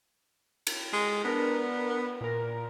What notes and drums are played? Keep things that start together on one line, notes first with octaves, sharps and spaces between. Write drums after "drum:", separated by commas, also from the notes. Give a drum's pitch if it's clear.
drum: cymbal
G#3
B3 D4 A#4
A#2 A#4